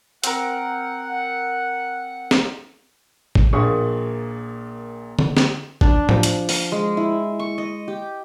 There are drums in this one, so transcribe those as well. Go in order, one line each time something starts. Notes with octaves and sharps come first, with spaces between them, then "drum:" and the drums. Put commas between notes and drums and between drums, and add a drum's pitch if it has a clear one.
C4 A#4 F#5, drum: hi-hat
drum: snare
drum: kick
A#1 A#2 A#3 G#4 A#4 C#6
drum: tom D3
drum: snare
D4, drum: kick
F3, drum: tom A2
drum: hi-hat
F5, drum: open hi-hat
G#3
E4
C#6
D#5
G4